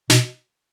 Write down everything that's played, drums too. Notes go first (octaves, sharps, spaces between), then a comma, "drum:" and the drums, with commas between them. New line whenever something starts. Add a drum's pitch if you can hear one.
B2, drum: snare